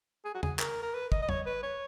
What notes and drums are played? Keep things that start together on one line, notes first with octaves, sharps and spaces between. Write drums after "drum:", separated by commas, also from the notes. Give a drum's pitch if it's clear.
G#4
F#4
G#4, drum: tom E2
A#4, drum: clap
A#4
B4
D#5, drum: kick
D#5
C#5, drum: tom E2
B4
C#5